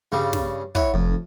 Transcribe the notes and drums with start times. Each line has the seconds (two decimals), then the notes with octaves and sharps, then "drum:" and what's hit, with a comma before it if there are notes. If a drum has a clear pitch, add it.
0.12 G2 C#3 G3
0.33 drum: snare
0.75 E4 C#5 F#5, drum: kick
0.94 F1 F2